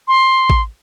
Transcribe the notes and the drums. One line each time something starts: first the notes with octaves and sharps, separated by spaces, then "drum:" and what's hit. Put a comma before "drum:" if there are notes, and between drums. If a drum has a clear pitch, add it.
C6
drum: kick A1